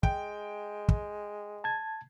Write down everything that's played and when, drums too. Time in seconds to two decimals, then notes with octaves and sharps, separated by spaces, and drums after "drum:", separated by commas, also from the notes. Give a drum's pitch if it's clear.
0.03 G#3 G5, drum: kick
0.89 drum: kick
1.64 A5 G#6